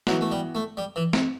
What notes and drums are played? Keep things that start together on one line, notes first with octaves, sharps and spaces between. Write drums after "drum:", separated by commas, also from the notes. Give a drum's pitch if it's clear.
E3 F#3 B3 F#4, drum: snare
A3
G3
A3
G3
E3
C3, drum: snare